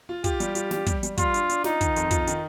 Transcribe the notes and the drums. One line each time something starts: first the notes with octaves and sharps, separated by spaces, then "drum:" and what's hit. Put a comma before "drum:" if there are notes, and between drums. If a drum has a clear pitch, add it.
F4
F4 G4, drum: kick, hi-hat
G3, drum: hi-hat
F4, drum: hi-hat
G3, drum: snare
G3, drum: kick, hi-hat
G3, drum: hi-hat
G3 F4, drum: kick, hi-hat
D4, drum: hi-hat
D4, drum: hi-hat
D#4 F4, drum: snare
D#3, drum: kick, hi-hat
F2, drum: hi-hat
F4, drum: kick, hi-hat
D#3, drum: hi-hat